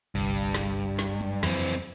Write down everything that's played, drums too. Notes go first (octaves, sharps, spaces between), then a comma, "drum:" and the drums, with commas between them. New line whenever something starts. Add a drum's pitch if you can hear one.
G1 C2 G2
drum: snare
drum: snare
drum: tom F#3
F2 E3 F#3 C4, drum: snare